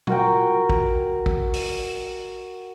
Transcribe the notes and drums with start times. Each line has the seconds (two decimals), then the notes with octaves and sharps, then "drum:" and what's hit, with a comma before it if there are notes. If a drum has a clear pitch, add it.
0.07 F#4 A#4 G5, drum: tom
0.70 drum: kick
1.26 drum: kick
1.54 drum: open hi-hat